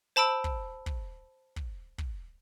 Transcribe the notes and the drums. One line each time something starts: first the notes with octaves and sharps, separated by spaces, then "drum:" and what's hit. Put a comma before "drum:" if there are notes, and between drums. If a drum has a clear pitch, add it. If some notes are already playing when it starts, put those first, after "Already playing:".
C5 A5 B5 E6 D7
drum: kick
drum: kick
drum: kick
drum: kick